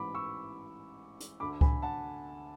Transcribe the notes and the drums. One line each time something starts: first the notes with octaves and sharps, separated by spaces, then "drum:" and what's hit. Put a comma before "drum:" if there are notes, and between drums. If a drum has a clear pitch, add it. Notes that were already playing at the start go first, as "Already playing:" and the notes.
Already playing: A1 G#2 E3 B5 D6
C#6 E6
drum: hi-hat
D2 D3 B5 D6
G#5 B5, drum: kick C#2
F#5 A5